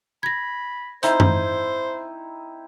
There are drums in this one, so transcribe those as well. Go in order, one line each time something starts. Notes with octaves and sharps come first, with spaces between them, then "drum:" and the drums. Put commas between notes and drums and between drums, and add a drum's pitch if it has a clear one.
B5 G#6 A#6
C4 D#4 E4 C5 E5 G6, drum: hi-hat
drum: tom F#2